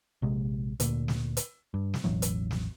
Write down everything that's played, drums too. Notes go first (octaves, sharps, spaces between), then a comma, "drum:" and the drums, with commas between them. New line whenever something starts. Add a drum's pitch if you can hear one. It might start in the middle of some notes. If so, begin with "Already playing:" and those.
A#1 C3 G#3
D2 A#2, drum: hi-hat
drum: snare
drum: hi-hat
G2
drum: snare
E1 A1 E3 F#3
drum: hi-hat
drum: snare